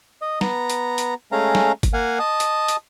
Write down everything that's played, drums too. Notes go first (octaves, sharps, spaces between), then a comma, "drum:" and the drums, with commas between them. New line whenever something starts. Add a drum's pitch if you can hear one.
D#5
B3 A#5, drum: snare
drum: hi-hat
drum: hi-hat
G#3 A3 C#4 F5 A#5
drum: snare
drum: kick, hi-hat
A#3 F5 F#5 G#5
D#5 A5 D#6
drum: hi-hat
drum: hi-hat